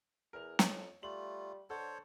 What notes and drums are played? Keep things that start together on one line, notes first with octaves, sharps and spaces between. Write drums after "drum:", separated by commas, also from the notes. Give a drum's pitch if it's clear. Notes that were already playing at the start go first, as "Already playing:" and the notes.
E2 A#4 F7
F2 C#5, drum: snare
G3 A3 F4 F#7
D3 A4 C5 C#5 F#5